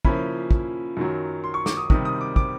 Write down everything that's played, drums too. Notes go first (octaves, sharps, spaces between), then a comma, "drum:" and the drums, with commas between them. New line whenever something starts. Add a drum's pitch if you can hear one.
C#3 F3 A#3 C#4 E4 B5, drum: kick
drum: kick
F#2 D#3 F#3
C6
C#6
D6, drum: snare
D#6
C3 D#3 G3 D#6, drum: kick
D#6
D6
D6, drum: kick